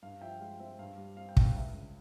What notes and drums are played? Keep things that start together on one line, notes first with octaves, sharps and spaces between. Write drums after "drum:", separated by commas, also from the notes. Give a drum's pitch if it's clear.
G2 F5
F3 E5 G5
G#3 F5
C4 E5
G2 F5
G3
C4 F5
G5
G2 F5, drum: kick
C#2 E5
C#3